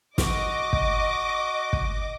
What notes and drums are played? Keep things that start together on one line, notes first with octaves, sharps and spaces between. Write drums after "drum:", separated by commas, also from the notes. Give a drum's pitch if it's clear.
F#4 D#5 D6, drum: snare
drum: kick
drum: kick